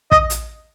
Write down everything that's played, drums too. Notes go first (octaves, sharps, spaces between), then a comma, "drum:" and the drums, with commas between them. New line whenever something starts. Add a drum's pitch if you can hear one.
D#5, drum: kick
drum: hi-hat